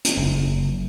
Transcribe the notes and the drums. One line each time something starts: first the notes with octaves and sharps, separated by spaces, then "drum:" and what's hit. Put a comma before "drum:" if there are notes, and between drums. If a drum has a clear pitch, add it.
drum: hi-hat
F#1